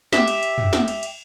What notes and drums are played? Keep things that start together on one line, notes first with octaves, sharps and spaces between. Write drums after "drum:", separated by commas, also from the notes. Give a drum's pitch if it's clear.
G4 E5, drum: snare
drum: cymbal
drum: cymbal
drum: tom
drum: snare
drum: cymbal
drum: cymbal